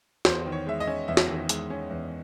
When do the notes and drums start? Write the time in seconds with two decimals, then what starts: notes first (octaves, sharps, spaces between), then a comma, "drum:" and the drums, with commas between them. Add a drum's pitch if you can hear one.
0.25 E2 C5, drum: snare
0.46 D#3
0.52 C#5
0.67 G#3 E5
0.80 D#5
0.87 C#4
1.08 E2 E5
1.17 drum: snare
1.29 D#3
1.49 G#3, drum: hi-hat
1.70 C#4
1.91 E2